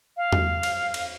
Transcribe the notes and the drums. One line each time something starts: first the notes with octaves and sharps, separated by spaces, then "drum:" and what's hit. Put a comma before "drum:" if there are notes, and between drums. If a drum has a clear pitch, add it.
F5
drum: tom E2
drum: cymbal
drum: cymbal